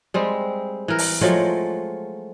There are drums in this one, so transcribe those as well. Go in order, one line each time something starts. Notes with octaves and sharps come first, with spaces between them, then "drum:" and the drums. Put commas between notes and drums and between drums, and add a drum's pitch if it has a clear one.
G3 G#3 C4
E3 A#4
drum: open hi-hat
F3 F#3 G#3 A3